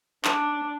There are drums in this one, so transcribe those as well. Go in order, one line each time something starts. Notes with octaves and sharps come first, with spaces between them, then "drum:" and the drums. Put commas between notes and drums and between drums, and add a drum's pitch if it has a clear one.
D4, drum: clap